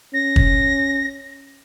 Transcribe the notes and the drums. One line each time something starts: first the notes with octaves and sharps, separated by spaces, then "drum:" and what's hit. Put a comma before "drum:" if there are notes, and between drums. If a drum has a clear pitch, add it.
C#4 A#6
drum: kick